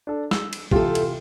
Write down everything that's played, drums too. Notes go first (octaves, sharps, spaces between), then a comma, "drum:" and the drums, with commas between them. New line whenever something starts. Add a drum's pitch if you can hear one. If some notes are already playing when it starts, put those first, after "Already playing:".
D4 A4
E6, drum: snare
drum: cymbal
C3 E3 F4 G4 A4, drum: kick
drum: cymbal